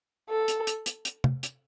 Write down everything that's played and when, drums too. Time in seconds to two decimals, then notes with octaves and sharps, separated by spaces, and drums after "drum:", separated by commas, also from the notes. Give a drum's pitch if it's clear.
0.30 A4
0.48 drum: hi-hat
0.67 drum: hi-hat
0.86 drum: hi-hat
1.05 drum: hi-hat
1.24 drum: tom
1.43 drum: hi-hat